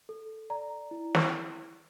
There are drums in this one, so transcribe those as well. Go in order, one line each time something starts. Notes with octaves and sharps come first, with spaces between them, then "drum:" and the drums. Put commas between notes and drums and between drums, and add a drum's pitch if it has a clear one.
A4
D5 A#5
E4
drum: snare